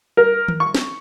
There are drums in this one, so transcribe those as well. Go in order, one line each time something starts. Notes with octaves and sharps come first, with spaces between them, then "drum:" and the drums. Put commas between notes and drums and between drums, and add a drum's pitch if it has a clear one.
A#4
drum: tom D#3
C#6
drum: snare